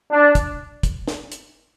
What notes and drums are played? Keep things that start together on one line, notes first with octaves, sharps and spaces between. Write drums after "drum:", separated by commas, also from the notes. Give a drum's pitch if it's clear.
D4
drum: kick, hi-hat
drum: kick, hi-hat
drum: snare
drum: hi-hat